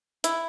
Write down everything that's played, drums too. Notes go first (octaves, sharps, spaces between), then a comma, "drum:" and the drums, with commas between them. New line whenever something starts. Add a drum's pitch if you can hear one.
E4, drum: hi-hat